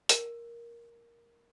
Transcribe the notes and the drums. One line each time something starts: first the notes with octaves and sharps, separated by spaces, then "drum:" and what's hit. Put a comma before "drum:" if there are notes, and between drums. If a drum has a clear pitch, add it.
A#4, drum: hi-hat